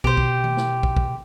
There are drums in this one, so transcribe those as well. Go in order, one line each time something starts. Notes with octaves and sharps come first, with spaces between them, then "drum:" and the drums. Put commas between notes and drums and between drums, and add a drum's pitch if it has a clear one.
B2 G4 C5, drum: kick
drum: kick
drum: tom D#3
drum: snare
drum: kick
drum: kick